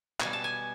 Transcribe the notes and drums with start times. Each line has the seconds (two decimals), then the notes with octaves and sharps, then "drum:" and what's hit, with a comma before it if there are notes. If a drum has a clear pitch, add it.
0.20 B2 G3 G#5, drum: clap
0.33 A5
0.44 G#5